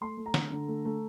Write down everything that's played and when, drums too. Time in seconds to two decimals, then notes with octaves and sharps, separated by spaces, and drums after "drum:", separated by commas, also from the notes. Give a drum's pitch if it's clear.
0.01 A3 C6
0.17 A3
0.26 A#5
0.34 D3, drum: snare
0.52 D3
0.68 A3
0.85 A3